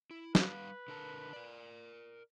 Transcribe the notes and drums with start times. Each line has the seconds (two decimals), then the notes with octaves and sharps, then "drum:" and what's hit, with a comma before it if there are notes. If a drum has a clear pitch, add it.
0.11 E4
0.35 G3 B4 F5 F#5, drum: snare
0.88 D3 A#4 A5
1.33 A#4 D5